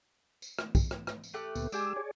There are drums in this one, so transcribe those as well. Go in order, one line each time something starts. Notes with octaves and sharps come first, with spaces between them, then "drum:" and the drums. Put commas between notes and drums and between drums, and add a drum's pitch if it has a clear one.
drum: tambourine
drum: rim click
drum: kick, tambourine
drum: rim click
drum: rim click
drum: tambourine
A3 G4 F#6
D2 A#2 B3, drum: tambourine
G#3 D4 G4 G#5 E6, drum: tambourine
G#4 C#5 D5